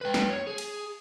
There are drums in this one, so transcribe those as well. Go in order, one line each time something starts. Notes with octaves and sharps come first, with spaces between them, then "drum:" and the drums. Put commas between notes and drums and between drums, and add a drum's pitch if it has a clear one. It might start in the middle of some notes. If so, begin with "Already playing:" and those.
B4 G5
drum: snare
C#5
G#4
drum: cymbal